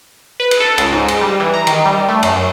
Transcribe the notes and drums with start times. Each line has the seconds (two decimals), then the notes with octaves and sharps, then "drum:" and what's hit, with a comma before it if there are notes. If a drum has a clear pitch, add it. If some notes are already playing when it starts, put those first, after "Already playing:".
0.40 B4
0.51 drum: cymbal
0.60 A4
0.78 C#2, drum: cymbal
0.93 G#2
1.08 drum: cymbal
1.21 G3
1.40 E3
1.54 A#5
1.67 D#3, drum: cymbal
1.85 G3
2.09 A3
2.23 F#2, drum: cymbal
2.36 F#2